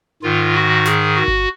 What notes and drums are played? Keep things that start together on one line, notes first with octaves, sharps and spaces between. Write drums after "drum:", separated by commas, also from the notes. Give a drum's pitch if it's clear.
G#2 D#3 F4
F#4
G#4, drum: snare
F#4
drum: kick G1